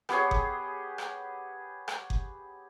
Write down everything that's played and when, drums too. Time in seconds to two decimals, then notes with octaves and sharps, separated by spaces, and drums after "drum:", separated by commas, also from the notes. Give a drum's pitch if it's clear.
0.09 B3 G4 G#4 C#5, drum: rim click
0.31 drum: kick F#1
0.98 drum: rim click
1.88 drum: rim click
2.10 drum: kick F#1